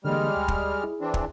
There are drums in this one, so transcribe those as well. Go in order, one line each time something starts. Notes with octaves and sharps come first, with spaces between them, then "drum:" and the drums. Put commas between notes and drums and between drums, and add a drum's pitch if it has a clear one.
D3 E3 G3 G#3 A#3 F6
D2
drum: kick
E4 G#4
E3 C4 D4
drum: kick